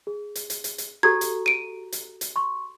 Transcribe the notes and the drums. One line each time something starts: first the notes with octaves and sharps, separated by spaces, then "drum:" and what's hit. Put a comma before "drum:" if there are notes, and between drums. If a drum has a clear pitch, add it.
G#4
drum: hi-hat
drum: hi-hat
drum: hi-hat
drum: hi-hat
F#4 G4 A4 A#5 G#6
drum: hi-hat
D7 D#7
drum: hi-hat
drum: hi-hat
C6 C#6